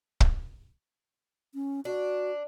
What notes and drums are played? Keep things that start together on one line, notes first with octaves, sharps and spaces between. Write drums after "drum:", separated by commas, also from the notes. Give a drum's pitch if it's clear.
drum: kick
C#4
D4 F#4